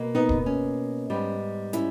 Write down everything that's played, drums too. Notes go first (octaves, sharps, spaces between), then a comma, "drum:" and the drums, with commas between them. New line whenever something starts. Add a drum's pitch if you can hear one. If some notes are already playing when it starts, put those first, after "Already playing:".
Already playing: B2 A#3
B3 D#4
drum: kick
C#4
G#2 G3 B3
C#4 E4, drum: hi-hat